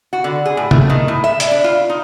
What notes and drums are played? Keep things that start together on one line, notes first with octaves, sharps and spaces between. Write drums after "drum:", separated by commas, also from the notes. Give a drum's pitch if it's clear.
F#4
D3
G#4
A2
A3, drum: tom
D#3
A2
E5
D5, drum: hi-hat
D4
F4
D#4